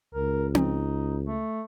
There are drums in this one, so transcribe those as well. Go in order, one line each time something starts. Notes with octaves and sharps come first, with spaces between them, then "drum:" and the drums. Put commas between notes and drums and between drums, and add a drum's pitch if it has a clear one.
C#2 A#4
D#4, drum: tom C4
A3